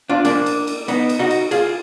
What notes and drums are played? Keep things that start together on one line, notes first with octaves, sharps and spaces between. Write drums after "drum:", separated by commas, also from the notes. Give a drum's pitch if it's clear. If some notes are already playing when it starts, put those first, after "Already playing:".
D4 F4
A#3 D4, drum: cymbal
drum: cymbal
drum: cymbal
B3 D#4, drum: cymbal
drum: cymbal
D#4 F#4
drum: cymbal
F4 G#4, drum: cymbal